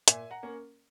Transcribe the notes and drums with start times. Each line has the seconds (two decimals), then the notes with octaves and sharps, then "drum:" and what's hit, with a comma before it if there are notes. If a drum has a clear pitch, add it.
0.08 A#2 E5 G#5, drum: hi-hat
0.31 F#5 A#5
0.43 A#3 C#4